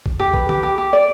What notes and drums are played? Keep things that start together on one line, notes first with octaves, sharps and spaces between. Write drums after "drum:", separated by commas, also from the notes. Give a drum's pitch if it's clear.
drum: kick
G4, drum: tom
B4, drum: kick
G4, drum: tom
G4
G4
D5